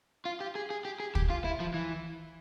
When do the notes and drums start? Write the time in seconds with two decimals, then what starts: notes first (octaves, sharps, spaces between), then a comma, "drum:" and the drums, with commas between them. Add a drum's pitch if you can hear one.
0.25 F4
0.41 G4
0.55 G#4
0.70 G#4
0.85 G4
1.00 G#4
1.15 G4, drum: kick
1.30 F4
1.45 E4
1.60 F3
1.74 E3